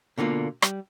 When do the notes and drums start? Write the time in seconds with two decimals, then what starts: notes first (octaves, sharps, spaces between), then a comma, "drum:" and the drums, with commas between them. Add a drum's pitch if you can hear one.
0.18 B2 D3 A#3 F4
0.62 G3, drum: rim click